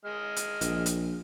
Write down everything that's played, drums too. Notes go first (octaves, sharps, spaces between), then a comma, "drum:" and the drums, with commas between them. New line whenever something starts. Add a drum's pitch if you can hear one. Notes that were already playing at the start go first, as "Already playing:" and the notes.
G#3 D#5 F6
drum: hi-hat
A#1, drum: hi-hat
drum: hi-hat